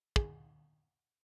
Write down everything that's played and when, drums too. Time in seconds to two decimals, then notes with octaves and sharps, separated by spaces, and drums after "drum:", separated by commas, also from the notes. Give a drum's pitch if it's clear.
0.16 G#4, drum: kick